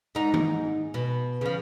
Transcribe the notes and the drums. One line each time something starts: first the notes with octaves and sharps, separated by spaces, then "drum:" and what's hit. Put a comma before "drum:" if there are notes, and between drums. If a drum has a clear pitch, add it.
G#2 D#4
drum: tom D#3
B2
C#3 F3